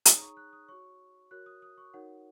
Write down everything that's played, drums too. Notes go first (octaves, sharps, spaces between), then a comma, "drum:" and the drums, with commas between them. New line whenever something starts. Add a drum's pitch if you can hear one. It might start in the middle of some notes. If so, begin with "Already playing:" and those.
D#4 G#4 C#5 D#6, drum: hi-hat
A#5
C#6
F#6
D#6
F#4 C#5 C#6
F#4 A#4 C#5 F#6
D#6
D#6
C#6
D#4 F#4 A#4 C#5 F#5